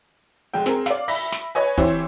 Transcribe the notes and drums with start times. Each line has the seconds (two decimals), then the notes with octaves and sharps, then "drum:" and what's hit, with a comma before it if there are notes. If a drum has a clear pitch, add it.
0.54 F1 G#3 G5
0.66 C4 G#4 A#4, drum: snare
0.86 D5 F5, drum: snare
1.08 E5 B5 A#6 B6, drum: open hi-hat
1.32 drum: snare
1.55 B4 C#5 D#5 G#5, drum: hi-hat
1.77 E3 C4 E4 G4 C5 C#5, drum: kick, hi-hat